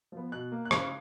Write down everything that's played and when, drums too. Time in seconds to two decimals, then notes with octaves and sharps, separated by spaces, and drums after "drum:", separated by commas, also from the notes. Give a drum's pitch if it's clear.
0.12 F3 B3
0.32 B2 F#6
0.52 A#3
0.65 F#6
0.71 C#3 G#6, drum: rim click